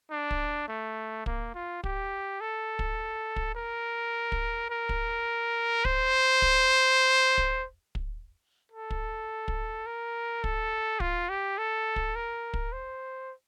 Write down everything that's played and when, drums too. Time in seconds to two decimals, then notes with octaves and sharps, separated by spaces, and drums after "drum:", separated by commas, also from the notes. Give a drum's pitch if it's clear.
0.11 D4
0.31 drum: kick
0.68 A3
1.26 A#3, drum: kick
1.54 F4
1.84 G4, drum: kick
2.41 A4
2.79 drum: kick
3.36 drum: kick
3.55 A#4
4.32 drum: kick
4.70 A#4
4.89 drum: kick
5.85 C5, drum: kick
6.42 drum: kick
7.38 drum: kick
7.95 drum: kick
8.72 A4
8.90 drum: kick
9.48 drum: kick
9.86 A#4
10.44 A4, drum: kick
11.00 F4, drum: kick
11.30 G4
11.58 A4
11.96 drum: kick
12.16 A#4
12.54 drum: kick
12.72 C5